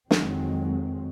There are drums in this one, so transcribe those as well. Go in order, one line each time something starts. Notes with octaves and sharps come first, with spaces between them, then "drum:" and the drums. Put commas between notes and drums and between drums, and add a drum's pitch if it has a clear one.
F2 D#3 F#3 G#3 C4, drum: snare